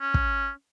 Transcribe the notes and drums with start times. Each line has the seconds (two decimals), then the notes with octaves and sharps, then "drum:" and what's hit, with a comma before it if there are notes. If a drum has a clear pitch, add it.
0.01 C#4
0.14 drum: kick